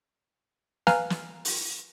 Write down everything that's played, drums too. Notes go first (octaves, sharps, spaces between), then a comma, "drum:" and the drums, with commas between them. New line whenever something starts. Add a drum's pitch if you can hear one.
B4 F5 G#5 A#5 F6 F#6, drum: snare
drum: snare
drum: open hi-hat